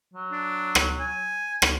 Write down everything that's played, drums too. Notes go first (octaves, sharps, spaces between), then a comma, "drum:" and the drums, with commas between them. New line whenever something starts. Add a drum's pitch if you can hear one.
F#3
D4
drum: rim click
G#5
drum: rim click